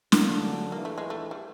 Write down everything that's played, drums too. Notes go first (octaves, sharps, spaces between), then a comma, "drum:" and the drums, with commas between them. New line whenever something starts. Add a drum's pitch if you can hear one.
G1 F#2 D3 F#3 A#3, drum: snare
A#1 G#2 E3 A#3
A3
G#3
A3
G3